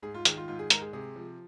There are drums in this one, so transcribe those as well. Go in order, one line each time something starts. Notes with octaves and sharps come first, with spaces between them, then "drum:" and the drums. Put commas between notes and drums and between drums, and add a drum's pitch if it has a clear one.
G#2 G#4
F4
D#3 G#4, drum: hi-hat
F4
G#2 F4
G#4
G#3 A#4, drum: hi-hat
G#4
C3 G#4
F3